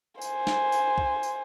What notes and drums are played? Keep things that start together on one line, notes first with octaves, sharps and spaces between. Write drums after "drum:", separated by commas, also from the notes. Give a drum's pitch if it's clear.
C5 G#5, drum: tambourine
drum: snare
drum: tambourine
drum: kick
drum: tambourine